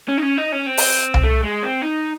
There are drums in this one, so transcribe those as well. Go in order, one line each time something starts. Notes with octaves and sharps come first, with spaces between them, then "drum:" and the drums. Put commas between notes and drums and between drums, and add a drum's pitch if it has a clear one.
C#4
D#4
C#4
D#4
C#4
C4
drum: open hi-hat
drum: tom C2
A3
G#3
C4
D#4